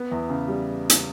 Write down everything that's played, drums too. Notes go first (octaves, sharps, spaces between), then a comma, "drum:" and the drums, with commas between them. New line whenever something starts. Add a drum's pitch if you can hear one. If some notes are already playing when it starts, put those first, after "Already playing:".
Already playing: B3
E2
C#3
G3
drum: hi-hat